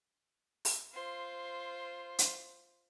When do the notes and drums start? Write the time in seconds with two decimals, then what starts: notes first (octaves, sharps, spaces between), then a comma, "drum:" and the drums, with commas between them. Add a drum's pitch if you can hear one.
0.65 drum: open hi-hat
0.94 F4 C5
2.19 drum: hi-hat